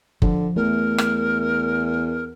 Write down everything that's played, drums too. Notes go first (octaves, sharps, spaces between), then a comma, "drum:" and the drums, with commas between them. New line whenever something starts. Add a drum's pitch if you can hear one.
D3 F3, drum: kick F#1
E2 A3 A#4
drum: rim click